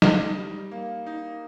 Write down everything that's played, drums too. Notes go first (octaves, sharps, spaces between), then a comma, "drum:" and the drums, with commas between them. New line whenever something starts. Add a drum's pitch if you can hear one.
D#4, drum: snare
G3
A#3
D#4